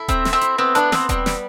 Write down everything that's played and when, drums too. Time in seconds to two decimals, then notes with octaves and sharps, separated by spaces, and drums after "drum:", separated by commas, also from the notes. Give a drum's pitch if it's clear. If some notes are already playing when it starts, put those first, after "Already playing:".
Already playing: E4 A4
0.08 C4 E5, drum: kick D#1, hi-hat
0.25 E5, drum: snare
0.33 C4
0.41 E4, drum: hi-hat
0.58 B3 C4
0.75 B3 D4, drum: hi-hat
0.92 B3 C4, drum: snare
1.09 G3 C4, drum: kick D#1, hi-hat
1.26 G3, drum: snare